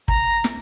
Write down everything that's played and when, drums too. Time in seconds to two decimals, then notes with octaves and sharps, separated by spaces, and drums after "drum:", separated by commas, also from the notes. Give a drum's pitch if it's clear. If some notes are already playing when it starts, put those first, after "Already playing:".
0.08 A#5, drum: kick
0.44 drum: snare